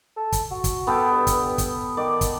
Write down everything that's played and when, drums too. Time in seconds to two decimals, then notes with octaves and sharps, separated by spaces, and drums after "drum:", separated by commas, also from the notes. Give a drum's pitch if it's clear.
0.17 A4
0.32 drum: kick, hi-hat
0.51 F#4
0.64 drum: kick, hi-hat
0.87 B3 A4 G5
1.10 G2
1.27 drum: kick, hi-hat
1.58 drum: kick, hi-hat
1.97 D#3 D5
2.21 drum: kick, hi-hat